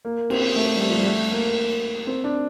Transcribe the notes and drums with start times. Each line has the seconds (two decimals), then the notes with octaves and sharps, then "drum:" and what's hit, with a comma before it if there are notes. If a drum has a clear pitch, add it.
0.05 A#3
0.30 C4, drum: cymbal
0.56 A3
0.76 G3
0.81 A3
0.90 F3
0.97 G3
1.06 A3
1.32 A#3
2.07 C4
2.24 D4